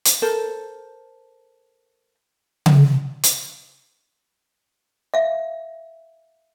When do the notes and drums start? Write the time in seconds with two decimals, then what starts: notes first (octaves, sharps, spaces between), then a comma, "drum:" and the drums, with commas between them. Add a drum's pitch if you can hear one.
0.05 drum: hi-hat
0.22 A4 A#4 C5
2.66 drum: tom C#3
3.23 drum: hi-hat
5.14 E5 F5